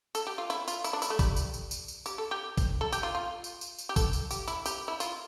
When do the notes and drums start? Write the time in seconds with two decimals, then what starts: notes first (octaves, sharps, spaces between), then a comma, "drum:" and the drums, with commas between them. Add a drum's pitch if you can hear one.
0.15 A4, drum: tambourine
0.27 G4
0.38 F4
0.50 E4, drum: tambourine
0.68 F4, drum: tambourine
0.84 E4, drum: tambourine
0.93 D4
1.02 E4, drum: tambourine
1.10 A3
1.19 G3, drum: kick, tambourine
1.36 drum: tambourine
1.54 drum: tambourine
1.71 drum: tambourine
1.88 drum: tambourine
2.06 G4, drum: tambourine
2.18 A4
2.31 G4
2.57 drum: kick, tambourine
2.81 A4
2.92 G4, drum: tambourine
3.03 F4
3.15 F4
3.44 drum: tambourine
3.61 drum: tambourine
3.79 drum: tambourine
3.89 G4
3.96 A4, drum: kick, tambourine
4.13 drum: tambourine
4.31 G4, drum: tambourine
4.48 E4, drum: tambourine
4.66 G4, drum: tambourine
4.88 E4
5.00 F4, drum: tambourine